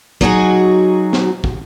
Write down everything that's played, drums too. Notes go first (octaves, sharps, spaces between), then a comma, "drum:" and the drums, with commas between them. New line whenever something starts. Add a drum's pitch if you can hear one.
F#3 D#4 F#4 G#4, drum: kick
drum: snare
drum: kick